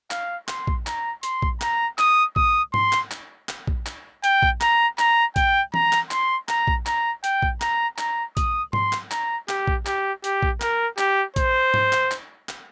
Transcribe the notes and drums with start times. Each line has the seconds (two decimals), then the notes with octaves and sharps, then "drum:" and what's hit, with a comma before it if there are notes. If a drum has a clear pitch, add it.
0.11 F5, drum: clap
0.48 C6, drum: clap
0.67 drum: kick
0.87 A#5, drum: clap
1.23 C6, drum: hi-hat
1.42 drum: kick
1.61 A#5, drum: clap
1.98 D#6, drum: clap
2.36 D#6, drum: kick
2.74 C6, drum: tom G#2
2.92 drum: clap
3.11 drum: clap
3.49 drum: clap
3.67 drum: kick
3.86 drum: clap
4.24 G5, drum: hi-hat
4.42 drum: kick
4.61 A#5, drum: clap
4.99 A#5, drum: clap
5.36 G5, drum: kick, hi-hat
5.74 A#5, drum: tom E3
5.92 drum: clap
6.11 C6, drum: clap
6.49 A#5, drum: clap
6.67 drum: kick
6.86 A#5, drum: clap
7.24 G5, drum: hi-hat
7.43 drum: kick
7.61 A#5, drum: clap
7.98 A#5, drum: clap
8.37 D#6, drum: kick, hi-hat
8.73 C6, drum: tom G#2
8.93 drum: clap
9.11 A#5, drum: clap
9.49 G4, drum: clap
9.68 drum: kick
9.86 G4, drum: clap
10.24 G4, drum: hi-hat
10.43 drum: kick
10.61 A#4, drum: clap
10.98 G4, drum: clap
11.36 C5, drum: kick, hi-hat
11.74 drum: tom G#2
11.93 drum: clap
12.11 drum: clap
12.49 drum: clap